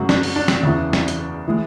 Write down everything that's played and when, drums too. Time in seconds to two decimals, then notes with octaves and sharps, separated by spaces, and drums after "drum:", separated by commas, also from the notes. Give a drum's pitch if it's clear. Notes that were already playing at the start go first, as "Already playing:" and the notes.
Already playing: F#2 C#3 G#3 F#4
0.09 D4, drum: snare
0.23 drum: open hi-hat
0.36 D4
0.48 drum: snare
0.63 E2 C#3 E3
0.93 drum: snare
1.08 drum: hi-hat
1.47 E3 G#3